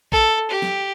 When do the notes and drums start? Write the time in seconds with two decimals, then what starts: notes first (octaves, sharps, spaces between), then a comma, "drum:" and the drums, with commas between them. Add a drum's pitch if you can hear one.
0.12 A4, drum: kick A#1
0.50 G4
0.62 drum: snare